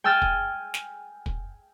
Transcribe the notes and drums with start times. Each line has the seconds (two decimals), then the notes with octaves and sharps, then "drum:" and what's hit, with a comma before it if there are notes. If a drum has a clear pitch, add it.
0.04 G5 G#5 E6 F6 A6
0.22 drum: kick
0.74 drum: snare
1.26 drum: kick